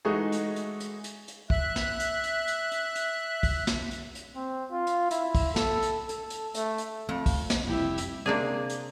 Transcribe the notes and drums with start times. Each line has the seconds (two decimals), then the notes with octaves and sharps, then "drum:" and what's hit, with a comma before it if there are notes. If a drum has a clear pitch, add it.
0.05 E3 G#3 A3 D#4 F#4 G#4
0.32 drum: hi-hat
0.56 drum: hi-hat
0.80 drum: hi-hat
1.04 drum: hi-hat
1.28 drum: hi-hat
1.50 E5 F#6, drum: kick
1.76 drum: snare
2.00 drum: hi-hat
2.24 drum: hi-hat
2.48 drum: hi-hat
2.71 drum: hi-hat
2.95 drum: hi-hat
3.43 drum: kick, open hi-hat
3.67 drum: snare
3.91 drum: hi-hat
4.15 drum: hi-hat
4.36 C4
4.72 F4
4.87 drum: hi-hat
5.11 E4, drum: hi-hat
5.35 drum: kick, open hi-hat
5.56 A4, drum: snare
5.82 drum: hi-hat
6.09 A4, drum: hi-hat
6.30 drum: hi-hat
6.54 A3, drum: hi-hat
6.78 drum: hi-hat
7.09 F2 A3
7.26 drum: kick, open hi-hat
7.50 drum: snare
7.67 F1 C2 E4 G4 E5
7.98 drum: hi-hat
8.26 C3 A#3 D4 G#4
8.70 drum: hi-hat